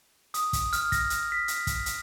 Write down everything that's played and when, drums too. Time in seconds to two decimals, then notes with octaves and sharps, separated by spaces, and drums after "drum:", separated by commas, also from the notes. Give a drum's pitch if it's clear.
0.34 D#6, drum: hi-hat
0.53 drum: kick, hi-hat
0.73 F6, drum: hi-hat
0.92 A#6, drum: kick, hi-hat
1.10 drum: hi-hat
1.32 B6
1.48 drum: hi-hat
1.67 drum: kick, hi-hat
1.86 drum: hi-hat